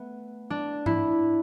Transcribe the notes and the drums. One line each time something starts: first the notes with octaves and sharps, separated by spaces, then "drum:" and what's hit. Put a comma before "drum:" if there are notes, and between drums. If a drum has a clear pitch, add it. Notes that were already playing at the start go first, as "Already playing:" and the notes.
Already playing: A3 B3
D4
E4, drum: tom G#2